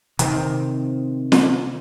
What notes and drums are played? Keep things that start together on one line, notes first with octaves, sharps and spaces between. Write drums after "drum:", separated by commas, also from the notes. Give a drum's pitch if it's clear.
C3 D#3 C4, drum: hi-hat
drum: snare